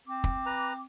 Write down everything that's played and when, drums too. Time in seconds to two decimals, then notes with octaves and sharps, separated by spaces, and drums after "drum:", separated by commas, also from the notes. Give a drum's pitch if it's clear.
0.07 C4 D6
0.24 drum: kick
0.46 B4 A#5